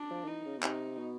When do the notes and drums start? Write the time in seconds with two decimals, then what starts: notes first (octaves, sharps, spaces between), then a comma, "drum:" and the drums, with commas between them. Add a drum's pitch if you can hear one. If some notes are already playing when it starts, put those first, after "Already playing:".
Already playing: D4
0.10 F3
0.24 D#3
0.28 E3 D#4
0.45 C#3
0.58 B2
0.63 C3 D#4, drum: clap
0.98 B2